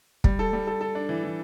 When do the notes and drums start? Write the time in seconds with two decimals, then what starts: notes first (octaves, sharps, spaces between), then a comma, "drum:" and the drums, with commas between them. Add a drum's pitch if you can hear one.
0.24 G3, drum: kick
0.39 A4
0.53 G3
0.67 A4
0.81 A4
0.95 D4
1.09 E3
1.24 E3